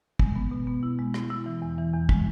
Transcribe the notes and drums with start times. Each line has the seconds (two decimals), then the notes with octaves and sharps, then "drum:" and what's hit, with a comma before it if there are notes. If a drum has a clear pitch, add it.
0.19 G#3, drum: kick
0.36 B3
0.51 B2
0.67 B3
0.83 E4
0.99 G#3
1.14 E4, drum: rim click
1.30 E4
1.46 E3
1.62 E2
1.78 E3
1.94 E2
2.09 G#3, drum: kick